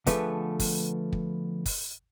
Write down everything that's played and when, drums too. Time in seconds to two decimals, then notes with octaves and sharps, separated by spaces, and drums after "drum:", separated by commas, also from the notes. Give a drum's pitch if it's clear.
0.06 D3 F3 A3 B3 G#4 B4, drum: kick, hi-hat
0.59 drum: kick, open hi-hat
1.13 drum: kick
1.66 drum: kick, open hi-hat